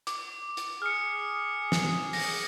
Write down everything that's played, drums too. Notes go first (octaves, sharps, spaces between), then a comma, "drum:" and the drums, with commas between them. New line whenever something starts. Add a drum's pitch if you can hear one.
D6, drum: hi-hat
drum: hi-hat
G#4 F6 C#7
drum: snare
A#6, drum: open hi-hat